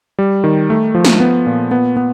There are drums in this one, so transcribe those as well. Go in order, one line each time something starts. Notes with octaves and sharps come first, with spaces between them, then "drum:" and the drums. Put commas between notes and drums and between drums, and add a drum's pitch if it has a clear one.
G3
D#3
A3
F3
drum: snare
B3
A#2
B3
B3